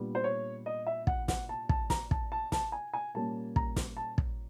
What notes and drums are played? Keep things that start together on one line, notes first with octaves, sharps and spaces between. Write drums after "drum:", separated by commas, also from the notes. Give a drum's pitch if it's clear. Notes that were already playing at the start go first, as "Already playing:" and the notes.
Already playing: A#2 G3 B3 D4
C5
C#5
D#5
E5
F#5, drum: kick
F#5, drum: snare
A5
A5, drum: kick
A#5, drum: snare
A5, drum: kick
A5
A5, drum: snare
G#5
G#5
A#2 G3 A#3 C#4 A5
A#5, drum: kick
drum: snare
A5
drum: kick